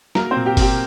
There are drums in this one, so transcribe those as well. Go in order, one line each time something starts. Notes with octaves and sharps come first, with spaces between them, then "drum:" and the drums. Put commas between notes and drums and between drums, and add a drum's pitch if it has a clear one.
F#3 A#3 A#4, drum: snare
A#2 C4 C5
G4 G5
C4 G4 G5, drum: kick F#1, open hi-hat